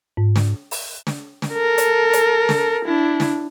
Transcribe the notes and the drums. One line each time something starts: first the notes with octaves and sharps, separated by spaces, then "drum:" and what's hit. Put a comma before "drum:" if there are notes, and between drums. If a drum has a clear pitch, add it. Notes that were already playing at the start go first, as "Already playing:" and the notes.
G#2
drum: snare
drum: open hi-hat
drum: snare
drum: snare
A4 A#4
drum: hi-hat
drum: hi-hat
drum: snare
D4 E4
drum: snare